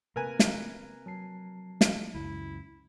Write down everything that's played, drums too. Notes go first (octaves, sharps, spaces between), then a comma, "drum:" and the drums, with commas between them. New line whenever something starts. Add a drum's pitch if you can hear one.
C3 A#3 A#4 B4 G#5
drum: snare
F#3 A5 C7
drum: snare
C#2 F#2 E4